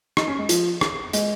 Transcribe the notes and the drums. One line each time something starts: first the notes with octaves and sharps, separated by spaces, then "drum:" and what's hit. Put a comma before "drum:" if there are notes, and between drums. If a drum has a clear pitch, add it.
D#4, drum: rim click
C#4
G#3
F3, drum: hi-hat
drum: rim click
G#3, drum: hi-hat